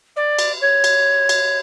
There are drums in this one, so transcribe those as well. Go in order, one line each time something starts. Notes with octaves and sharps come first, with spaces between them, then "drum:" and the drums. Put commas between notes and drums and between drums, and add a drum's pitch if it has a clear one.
D5
drum: cymbal
C#5
drum: cymbal
drum: cymbal